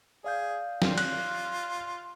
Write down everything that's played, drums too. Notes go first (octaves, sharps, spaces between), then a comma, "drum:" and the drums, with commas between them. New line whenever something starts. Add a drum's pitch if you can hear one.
G#4 D5 F5 G6
F4, drum: snare
F#6, drum: cymbal